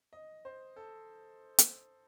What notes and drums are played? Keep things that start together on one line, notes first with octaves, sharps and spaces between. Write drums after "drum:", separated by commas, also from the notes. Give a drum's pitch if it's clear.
D#5
C5
A4
drum: hi-hat